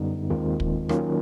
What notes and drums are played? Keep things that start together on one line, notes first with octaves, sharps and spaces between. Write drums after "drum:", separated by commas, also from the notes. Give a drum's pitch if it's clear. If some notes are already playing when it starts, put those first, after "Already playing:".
Already playing: F#2 D3 G3 B3 D#4
D#2 D#3 G#3 C4 F4
drum: kick
D#3 F#3 A#3 C#4 F4, drum: rim click